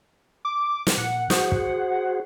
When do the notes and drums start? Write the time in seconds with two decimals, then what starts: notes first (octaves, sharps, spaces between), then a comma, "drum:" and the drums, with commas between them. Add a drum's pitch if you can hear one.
0.45 D6
0.87 drum: snare
0.97 A#2 F#5
1.30 F#4 G#4 C5, drum: snare
1.52 drum: kick